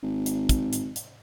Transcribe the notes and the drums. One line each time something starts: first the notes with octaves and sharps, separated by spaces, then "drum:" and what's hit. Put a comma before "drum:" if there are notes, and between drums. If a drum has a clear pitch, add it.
G#1
drum: hi-hat
drum: kick, hi-hat
drum: hi-hat
drum: hi-hat